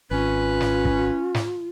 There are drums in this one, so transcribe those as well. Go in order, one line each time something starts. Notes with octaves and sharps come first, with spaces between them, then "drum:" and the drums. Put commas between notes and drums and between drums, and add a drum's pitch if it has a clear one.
G#1 C#4 F4 B4
drum: snare
drum: kick
drum: snare